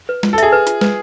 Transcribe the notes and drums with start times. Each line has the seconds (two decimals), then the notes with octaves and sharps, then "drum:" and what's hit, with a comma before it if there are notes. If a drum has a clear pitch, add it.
0.09 B4
0.23 F4, drum: snare
0.33 A4
0.38 G#4 E5, drum: hi-hat
0.52 B4
0.67 F4, drum: hi-hat
0.81 B4, drum: snare